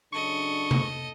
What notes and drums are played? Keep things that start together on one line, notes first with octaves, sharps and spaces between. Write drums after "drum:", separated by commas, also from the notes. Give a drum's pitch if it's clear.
C#3 F#3 D4 A4 D#5 C#6
drum: tom C3